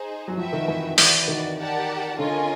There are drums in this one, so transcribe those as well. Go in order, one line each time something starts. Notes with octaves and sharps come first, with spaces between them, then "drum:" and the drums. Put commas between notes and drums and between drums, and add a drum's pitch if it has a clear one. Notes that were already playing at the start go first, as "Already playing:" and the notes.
Already playing: D#4 G#4 C5
F#3
F3 F#4 B4 E5 G5
D#3
E3
E3 F#4 B4 D5, drum: open hi-hat
D#3
G4 A#4 D5 F#5 A5
D3 C#4 F4 A#4 D#5 G#5